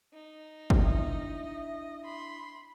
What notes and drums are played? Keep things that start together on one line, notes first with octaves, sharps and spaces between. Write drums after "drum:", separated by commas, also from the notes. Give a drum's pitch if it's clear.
D#4
drum: kick
D4 E4 D#5 E5
B5 C6